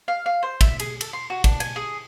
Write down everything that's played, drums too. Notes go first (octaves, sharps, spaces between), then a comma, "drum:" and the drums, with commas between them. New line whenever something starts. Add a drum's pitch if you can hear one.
F5
F5
C5
E5, drum: kick, cymbal
G#4, drum: cymbal
A4, drum: cymbal
C6
F#4
D4, drum: kick, cymbal
G#5, drum: cymbal
G#4